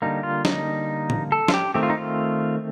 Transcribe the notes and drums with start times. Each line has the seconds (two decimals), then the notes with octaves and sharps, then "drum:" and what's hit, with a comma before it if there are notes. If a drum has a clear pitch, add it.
0.02 D3 G3 A#3 D#4
0.23 F4
0.45 D#4, drum: snare
1.10 drum: tom A2
1.32 A4
1.48 F4, drum: snare
1.54 G4
1.74 D#3 A3 C4 G4
1.83 F4
1.90 D#4
1.97 F4